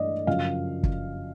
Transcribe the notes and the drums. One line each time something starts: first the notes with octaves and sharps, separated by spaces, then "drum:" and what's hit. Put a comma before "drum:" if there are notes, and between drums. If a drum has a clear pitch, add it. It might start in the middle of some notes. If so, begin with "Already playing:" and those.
Already playing: G2 E3 A3 D5 D#5
F#2 C#3 F3 F5
drum: kick